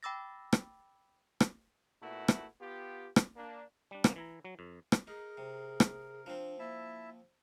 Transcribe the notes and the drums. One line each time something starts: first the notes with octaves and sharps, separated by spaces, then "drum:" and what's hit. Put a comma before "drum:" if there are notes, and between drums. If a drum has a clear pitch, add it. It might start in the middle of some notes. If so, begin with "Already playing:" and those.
G5 B5 D6 E6 A6 A#6
drum: rim click
drum: rim click
A#2 A3 B3 E4 F#4
drum: rim click
B3 F4 G4
drum: rim click
A#3 D4
G3 D4
C3 G3 A#3 B3, drum: rim click
E3 E4 A#5
F#3
F2
drum: rim click
D#4 G#4 A#4
C3
drum: rim click
F3 C4 D4
A#3 E4 E5 A5